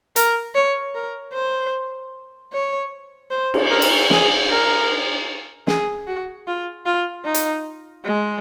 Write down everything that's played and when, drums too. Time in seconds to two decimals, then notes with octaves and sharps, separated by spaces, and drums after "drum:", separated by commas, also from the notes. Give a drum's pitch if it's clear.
0.16 A#4, drum: hi-hat
0.55 C#5
0.95 A#4
1.34 C5
2.53 C#5
3.31 C5
3.54 drum: cymbal
3.70 A#4
3.82 drum: cymbal
4.10 G#4, drum: snare
4.50 A#4
5.67 G#4, drum: snare
6.07 F#4
6.47 F4
6.85 F4
7.25 D#4
7.34 drum: hi-hat
8.04 G#3